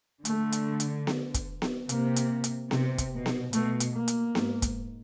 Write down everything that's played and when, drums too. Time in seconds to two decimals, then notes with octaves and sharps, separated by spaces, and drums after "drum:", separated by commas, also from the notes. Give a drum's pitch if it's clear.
0.25 D3 A3, drum: hi-hat
0.52 drum: hi-hat
0.80 drum: hi-hat
1.07 drum: snare B3
1.34 drum: kick, hi-hat
1.62 drum: snare B3
1.89 C3 A#3, drum: hi-hat
2.16 drum: hi-hat
2.44 drum: hi-hat
2.71 C3, drum: snare B3
2.98 drum: kick, hi-hat
3.12 B2
3.26 drum: snare B3
3.53 B2 A3, drum: hi-hat
3.80 drum: hi-hat
3.94 A#3
4.08 drum: hi-hat
4.35 G#2, drum: snare B3
4.62 drum: kick, hi-hat